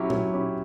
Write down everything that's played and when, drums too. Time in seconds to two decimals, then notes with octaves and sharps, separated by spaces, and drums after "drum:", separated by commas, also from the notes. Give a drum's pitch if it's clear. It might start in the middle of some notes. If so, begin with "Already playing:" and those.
Already playing: F#3 C#4 E4 G4
0.10 F#3, drum: tom A#2
0.34 C#4 E4 G4